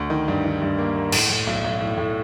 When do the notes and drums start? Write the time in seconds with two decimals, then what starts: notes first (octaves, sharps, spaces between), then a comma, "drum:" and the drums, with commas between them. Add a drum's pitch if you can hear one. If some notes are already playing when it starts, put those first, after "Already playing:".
Already playing: D2
0.10 D#3
0.28 G2
0.45 D#3
0.62 G2
0.78 A#3
0.96 A#3
1.12 A2, drum: cymbal
1.30 A2
1.47 B1
1.64 B1
1.81 A2
1.97 A2